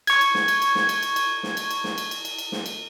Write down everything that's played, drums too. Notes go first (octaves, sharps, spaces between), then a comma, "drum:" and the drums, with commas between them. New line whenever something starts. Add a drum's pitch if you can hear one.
C#6 G#6, drum: cymbal
drum: cymbal
drum: snare
drum: cymbal
drum: cymbal
drum: snare
drum: cymbal
drum: cymbal
drum: cymbal
drum: snare
drum: cymbal
drum: cymbal
drum: snare
drum: cymbal
drum: cymbal
drum: cymbal
drum: cymbal
drum: snare
drum: cymbal